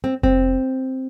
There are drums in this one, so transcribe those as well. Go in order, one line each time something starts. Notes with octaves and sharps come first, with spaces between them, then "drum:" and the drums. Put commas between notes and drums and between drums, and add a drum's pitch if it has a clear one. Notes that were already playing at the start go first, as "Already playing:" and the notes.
C4
C4, drum: kick F1